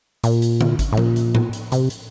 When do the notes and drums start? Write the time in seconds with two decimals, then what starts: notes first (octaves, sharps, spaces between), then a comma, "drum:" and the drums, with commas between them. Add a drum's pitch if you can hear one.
0.24 A#2, drum: hi-hat
0.42 drum: hi-hat
0.61 drum: tom D3
0.79 drum: kick G#1, hi-hat
0.93 A2
0.97 A#2, drum: tom F3
1.16 drum: hi-hat
1.35 drum: tom A2
1.53 drum: hi-hat
1.72 C3, drum: hi-hat
1.90 drum: hi-hat